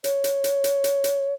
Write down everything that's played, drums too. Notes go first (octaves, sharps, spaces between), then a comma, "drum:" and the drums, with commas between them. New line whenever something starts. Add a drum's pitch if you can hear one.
C#5, drum: hi-hat
drum: hi-hat
drum: hi-hat
drum: hi-hat
drum: hi-hat
drum: hi-hat